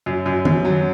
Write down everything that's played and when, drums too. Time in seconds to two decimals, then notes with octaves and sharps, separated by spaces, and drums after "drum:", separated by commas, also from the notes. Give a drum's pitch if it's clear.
0.06 F#2
0.26 F#2
0.45 F#2, drum: tom D#3
0.65 F#3